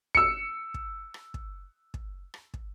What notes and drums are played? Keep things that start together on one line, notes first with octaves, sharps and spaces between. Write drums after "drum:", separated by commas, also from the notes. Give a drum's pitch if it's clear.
E6 C#7, drum: kick
drum: kick
drum: rim click
drum: kick
drum: kick
drum: rim click
drum: kick